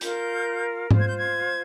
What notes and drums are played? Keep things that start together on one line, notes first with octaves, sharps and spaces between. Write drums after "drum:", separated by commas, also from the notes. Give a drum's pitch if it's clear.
F4 A#4 G6, drum: hi-hat
F4 C5, drum: tom G#2
G#6
G6
G#6